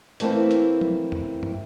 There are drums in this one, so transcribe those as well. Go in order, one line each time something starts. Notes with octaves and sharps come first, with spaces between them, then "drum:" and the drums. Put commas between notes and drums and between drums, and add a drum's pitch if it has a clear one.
E3 A3 A#3 C4 E4, drum: hi-hat
drum: hi-hat
drum: tom
drum: tom
drum: tom